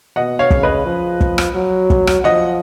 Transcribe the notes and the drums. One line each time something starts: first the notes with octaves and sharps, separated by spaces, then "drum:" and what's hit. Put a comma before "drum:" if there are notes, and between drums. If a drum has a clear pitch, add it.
B2 D#5 F#5
C#5 F5
C#3, drum: kick
B4 D#5
F3
drum: kick
drum: rim click
F#3
drum: kick
drum: rim click
F3 D#5 F#5